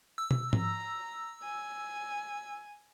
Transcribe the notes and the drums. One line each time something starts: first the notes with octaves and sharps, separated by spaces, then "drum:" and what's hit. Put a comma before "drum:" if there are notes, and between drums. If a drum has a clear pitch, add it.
E6
drum: tom
A#5, drum: tom G#2
G#5